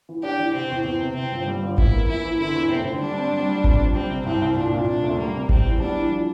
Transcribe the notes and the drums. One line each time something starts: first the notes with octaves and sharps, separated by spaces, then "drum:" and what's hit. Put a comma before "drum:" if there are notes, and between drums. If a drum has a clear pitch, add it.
E3
D4 G4
E3
C3 C4
E2
E2 C4
C3
C3 C4
G1
G3
G1
E2 E4, drum: kick G#1
A#3
E3 E4
E3
D3 E4
E2
F1 C4
D3
G3 D4
C4
G3
G3
C4, drum: kick G#1
F2
G3 C4
C3
C2 C4
C2
A#2 D4
A#2
C3 D4
D2
G3 A#3
C3
G3 C4, drum: kick G#1
E2
G3 D4
E3
F3